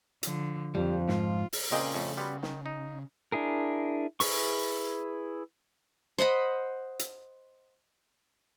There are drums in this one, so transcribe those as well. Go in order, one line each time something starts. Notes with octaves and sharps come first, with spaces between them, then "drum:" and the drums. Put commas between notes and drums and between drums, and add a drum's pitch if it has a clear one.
D3 F3, drum: hi-hat
F2 F3 G3
G#2 F4, drum: snare
drum: open hi-hat
C#2 A#2 C#3 C4 G#4 D#5 G5
F2 F3 A3 C#4
G3 B3 F#4 C6
D#3, drum: snare
D#4
D4 E4 G#4 A#4
E4 G#4 B4 C#6, drum: open hi-hat
C5 D#5 F#5 B5
drum: hi-hat